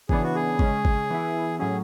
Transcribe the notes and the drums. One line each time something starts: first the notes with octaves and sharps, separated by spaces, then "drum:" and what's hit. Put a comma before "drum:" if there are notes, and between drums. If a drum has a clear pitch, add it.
C#3 E3 B3 D4 G#4, drum: kick
F#4
G#4
C#3 G#3 C#4, drum: kick
drum: kick
E3 B3 E4
A2 F#3 C#4 G#4